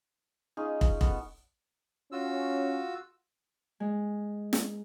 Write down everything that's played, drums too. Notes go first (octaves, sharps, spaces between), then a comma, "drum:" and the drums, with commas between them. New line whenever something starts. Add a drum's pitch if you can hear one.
C#4 D#4 F4 G#4
drum: kick
B3 A4, drum: kick
C#4 F4 F#4 E6
G#3
drum: snare